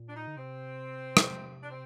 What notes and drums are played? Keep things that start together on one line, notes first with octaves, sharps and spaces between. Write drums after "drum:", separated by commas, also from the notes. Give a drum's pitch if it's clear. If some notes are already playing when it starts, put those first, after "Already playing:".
Already playing: A#2
D4
D#4
D3
C3 C4
drum: rim click
D4
C4